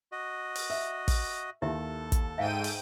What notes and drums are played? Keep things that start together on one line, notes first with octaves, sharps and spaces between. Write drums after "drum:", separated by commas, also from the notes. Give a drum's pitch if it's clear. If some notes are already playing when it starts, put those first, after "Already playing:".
F#4 D#5
drum: open hi-hat
E5
drum: kick, open hi-hat
D#2 E4 G4 A4 E5
drum: kick, hi-hat
G#2 E5 F5 G5 D#7
drum: open hi-hat